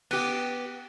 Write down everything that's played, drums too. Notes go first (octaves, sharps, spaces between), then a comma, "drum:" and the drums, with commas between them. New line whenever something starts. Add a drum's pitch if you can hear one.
B3 G4, drum: cymbal